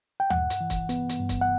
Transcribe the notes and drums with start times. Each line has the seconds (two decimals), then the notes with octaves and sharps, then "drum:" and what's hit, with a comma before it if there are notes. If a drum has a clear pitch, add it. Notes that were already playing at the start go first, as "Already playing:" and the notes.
0.20 G5
0.30 G2 F#5, drum: tom D#2
0.50 drum: hi-hat
0.61 E3
0.70 drum: kick, hi-hat
0.89 B3, drum: hi-hat
1.09 drum: hi-hat
1.20 G2
1.29 drum: kick, hi-hat
1.41 F#5